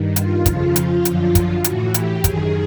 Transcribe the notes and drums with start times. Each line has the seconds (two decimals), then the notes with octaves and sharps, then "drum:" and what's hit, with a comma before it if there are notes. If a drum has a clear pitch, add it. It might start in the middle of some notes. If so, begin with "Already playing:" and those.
Already playing: G2 D#3
0.16 F4, drum: hi-hat
0.46 F2 C#3 F3 F4, drum: kick, hi-hat
0.76 drum: hi-hat
1.05 F#2 D3 F3, drum: hi-hat
1.35 drum: kick, hi-hat
1.64 A2 E3 F#4, drum: hi-hat
1.94 G4, drum: hi-hat
2.24 F#2 D#3 G#4, drum: kick, hi-hat